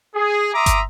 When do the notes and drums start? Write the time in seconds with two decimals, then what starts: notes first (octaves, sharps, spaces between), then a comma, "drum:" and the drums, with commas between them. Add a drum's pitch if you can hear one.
0.15 G#4
0.54 E5 A#5 C6 D6 D#6
0.66 drum: kick G1, hi-hat